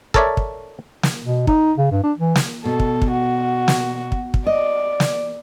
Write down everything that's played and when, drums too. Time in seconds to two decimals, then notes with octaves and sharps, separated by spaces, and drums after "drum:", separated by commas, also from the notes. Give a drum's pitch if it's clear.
0.14 A4 A#4 C#5 D5 E5, drum: kick
0.37 drum: kick
1.03 drum: snare
1.24 B2
1.47 D#4, drum: kick
1.78 C#3
1.91 G2
2.03 D4
2.18 E3
2.36 drum: snare
2.65 B2 A4
2.80 drum: kick
3.02 drum: kick
3.11 F#4
3.68 drum: snare
4.12 drum: kick
4.34 drum: kick
4.47 D5 D#5
5.00 drum: snare